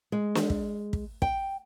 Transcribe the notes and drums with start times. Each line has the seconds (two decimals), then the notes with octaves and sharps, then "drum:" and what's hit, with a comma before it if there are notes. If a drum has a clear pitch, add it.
0.12 G#3
0.35 drum: snare
0.50 drum: kick
0.93 drum: kick
1.22 G5, drum: kick